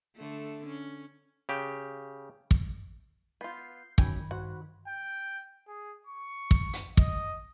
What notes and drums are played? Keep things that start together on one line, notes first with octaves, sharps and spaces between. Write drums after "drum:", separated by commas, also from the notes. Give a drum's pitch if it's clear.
D3 A3
C#4
C#3 G4
drum: kick
B3 F4 G6 C7
F#2 D#3 G5 G#5 B5, drum: kick
G2 F#4 C5 F#5
G5
G#4
C#6
drum: kick
drum: hi-hat
D#5, drum: kick